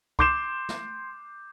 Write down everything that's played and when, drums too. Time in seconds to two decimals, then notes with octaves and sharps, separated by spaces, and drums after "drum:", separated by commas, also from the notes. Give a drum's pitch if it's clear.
0.19 C6 D6 G6 C7 E7, drum: kick
0.69 drum: snare